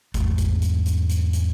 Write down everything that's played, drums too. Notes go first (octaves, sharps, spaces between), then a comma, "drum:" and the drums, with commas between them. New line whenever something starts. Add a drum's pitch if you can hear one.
E2 G#2 A3, drum: kick G#1, hi-hat
drum: kick G#1, hi-hat
drum: hi-hat
drum: hi-hat
drum: hi-hat
drum: hi-hat